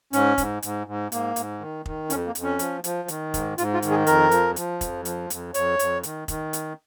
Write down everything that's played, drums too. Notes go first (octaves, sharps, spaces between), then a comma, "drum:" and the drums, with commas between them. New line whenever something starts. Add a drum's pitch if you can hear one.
G#2 C#4, drum: hi-hat
G#2, drum: kick, hi-hat
G#2, drum: hi-hat
G#2
G#2 A#3, drum: hi-hat
G#2, drum: hi-hat
D#3
D#3, drum: kick
F2 C#4, drum: hi-hat
A#3
F2, drum: hi-hat
C#4
F3, drum: hi-hat
F3, drum: hi-hat
D#3, drum: hi-hat
G#2, drum: kick, hi-hat
G#2 F4, drum: hi-hat
F4
D#3, drum: hi-hat
G#4
F2 A#4, drum: hi-hat
F3, drum: hi-hat
F3, drum: hi-hat
F2, drum: kick, hi-hat
F3, drum: hi-hat
F2, drum: hi-hat
F2 C#5, drum: hi-hat
F2, drum: hi-hat
D#3, drum: hi-hat
D#3, drum: kick, hi-hat
drum: hi-hat